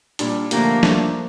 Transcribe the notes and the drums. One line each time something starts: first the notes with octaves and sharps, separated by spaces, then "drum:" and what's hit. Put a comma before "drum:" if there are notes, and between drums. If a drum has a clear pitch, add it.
A#2 G3 D4, drum: hi-hat
D3 F3 A3 A#3 D4 G4, drum: hi-hat
F3 A3 D4, drum: snare